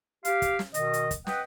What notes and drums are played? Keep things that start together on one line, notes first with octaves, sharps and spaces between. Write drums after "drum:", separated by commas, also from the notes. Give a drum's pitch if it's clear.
G4 F5, drum: hi-hat
drum: kick, hi-hat
drum: snare
B2 D#3 D#5, drum: hi-hat
drum: hi-hat
drum: kick, hi-hat
B4 D#5 F#5 G5, drum: snare